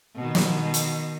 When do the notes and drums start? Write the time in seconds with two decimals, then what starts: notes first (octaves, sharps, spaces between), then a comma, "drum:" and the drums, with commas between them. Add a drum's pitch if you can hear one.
0.15 B2 D#3
0.35 drum: snare
0.74 drum: hi-hat